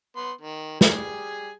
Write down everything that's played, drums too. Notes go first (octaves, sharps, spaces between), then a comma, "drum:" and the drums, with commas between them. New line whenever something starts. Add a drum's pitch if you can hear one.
B3 C6
D#3
G3 G#4 G#5, drum: snare